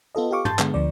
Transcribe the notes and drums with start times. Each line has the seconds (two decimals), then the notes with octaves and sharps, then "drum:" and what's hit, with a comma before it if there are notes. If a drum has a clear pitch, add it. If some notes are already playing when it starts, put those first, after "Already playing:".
0.15 B3 F4 A4 D#5
0.31 G4 A4 F5 C#6 D6
0.45 A5 C6 G6 A6, drum: tom
0.59 D3 G#3 B3, drum: clap
0.74 D2 D3 F3 D5